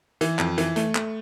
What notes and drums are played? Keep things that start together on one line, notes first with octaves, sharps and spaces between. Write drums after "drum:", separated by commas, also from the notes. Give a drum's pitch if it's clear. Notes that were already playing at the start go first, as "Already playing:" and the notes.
E3, drum: hi-hat
F2, drum: clap
E3, drum: hi-hat
A3, drum: hi-hat
A3, drum: clap